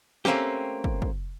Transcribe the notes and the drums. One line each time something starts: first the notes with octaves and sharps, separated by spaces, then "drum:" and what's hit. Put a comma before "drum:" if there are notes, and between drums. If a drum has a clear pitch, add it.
A3 A#3 C4 C#4 G4, drum: snare
drum: kick
drum: kick